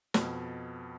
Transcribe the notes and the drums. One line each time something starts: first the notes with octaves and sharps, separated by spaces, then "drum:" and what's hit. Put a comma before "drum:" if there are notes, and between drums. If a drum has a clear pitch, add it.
F2 B2, drum: snare